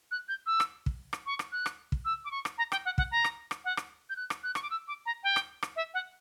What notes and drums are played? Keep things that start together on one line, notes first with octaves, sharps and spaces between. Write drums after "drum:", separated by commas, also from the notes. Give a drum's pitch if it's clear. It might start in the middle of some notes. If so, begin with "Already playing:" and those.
F#6
G6
E6
drum: rim click
drum: kick
drum: rim click
C#6
drum: rim click
F#6
drum: rim click
drum: kick
E6
D6
C#6
drum: rim click
A#5
G5, drum: rim click
F#5
F#5, drum: kick
A#5
drum: rim click
drum: rim click
F#5
drum: rim click
G6
F#6
drum: rim click
F#6
C#6, drum: rim click
D6
E6
D6
A#5
G5
drum: rim click
drum: rim click
E5
F#5